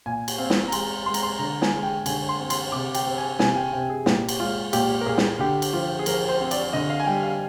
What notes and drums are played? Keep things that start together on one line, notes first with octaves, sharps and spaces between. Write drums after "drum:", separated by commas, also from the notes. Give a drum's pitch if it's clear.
A#2 G#5
drum: cymbal
C4 F5
drum: snare
A#5
G#3 C6, drum: cymbal
G#3 C6
A#5, drum: cymbal
C6
D3 A#5
G#5, drum: snare
G#3
G5
D3 G#5, drum: cymbal
C6
C4
C6, drum: cymbal
C3 D6
G5, drum: cymbal
C4
G#5
C3 G#5, drum: snare
G5
C3 G5
G#4
A#2 G4, drum: snare
drum: cymbal
G#3 F4
A#2 G4, drum: cymbal
A#4
A#2 G#4
drum: snare
D3 G4
drum: cymbal
F3 F4
G#4
F3 A#4, drum: cymbal
C5
C4
D5, drum: cymbal
D3 D#5
F5
G#5
G3 G5
F5